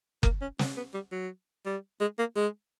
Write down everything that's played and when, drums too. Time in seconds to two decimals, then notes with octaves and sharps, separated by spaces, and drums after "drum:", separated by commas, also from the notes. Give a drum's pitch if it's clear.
0.23 A#3, drum: kick F#1
0.41 C#4
0.59 C4, drum: snare
0.77 B3
0.94 G3
1.12 F#3
1.66 G3
2.00 G#3
2.19 A#3
2.36 G#3